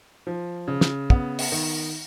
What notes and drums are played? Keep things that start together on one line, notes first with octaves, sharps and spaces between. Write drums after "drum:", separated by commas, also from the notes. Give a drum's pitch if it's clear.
F3
C#3
drum: snare
B3, drum: kick
drum: open hi-hat
D#3